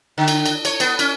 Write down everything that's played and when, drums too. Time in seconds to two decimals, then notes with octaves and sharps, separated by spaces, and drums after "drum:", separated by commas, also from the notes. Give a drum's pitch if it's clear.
0.18 D3
0.28 drum: cymbal
0.46 drum: cymbal
0.65 C#5, drum: cymbal
0.80 B3, drum: cymbal
0.99 C#4, drum: cymbal